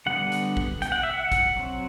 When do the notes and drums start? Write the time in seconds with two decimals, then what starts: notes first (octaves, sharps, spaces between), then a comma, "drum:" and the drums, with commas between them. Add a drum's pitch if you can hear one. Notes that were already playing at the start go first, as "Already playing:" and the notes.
0.06 D3 G3 B3 D4 F#5
0.32 drum: hi-hat
0.57 drum: kick
0.82 G5, drum: hi-hat
0.92 F#5
1.03 E5
1.13 F#5
1.32 drum: kick, hi-hat
1.57 F#3 C4